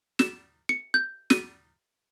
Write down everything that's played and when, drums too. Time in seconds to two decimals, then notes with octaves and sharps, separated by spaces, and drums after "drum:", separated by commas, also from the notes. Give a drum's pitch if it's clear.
0.19 E7, drum: snare
0.69 C#7
0.94 G6
1.30 D#7, drum: snare